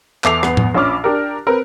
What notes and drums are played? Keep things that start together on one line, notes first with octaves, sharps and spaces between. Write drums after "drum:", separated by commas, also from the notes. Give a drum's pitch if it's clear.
E2 A4 E5 D6 C7 F7, drum: clap
E2 B3, drum: rim click
drum: tom A2
A#1 C#4 B5 D6 F6
D4 G4 A#4
C4 A#4 B4